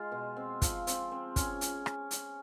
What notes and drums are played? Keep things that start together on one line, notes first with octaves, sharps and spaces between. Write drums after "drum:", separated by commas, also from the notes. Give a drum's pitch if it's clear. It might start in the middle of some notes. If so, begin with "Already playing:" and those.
Already playing: G#3 F4
B2
C4
F3, drum: kick, hi-hat
C4, drum: hi-hat
C4
C#4, drum: kick, hi-hat
drum: hi-hat
drum: rim click
drum: hi-hat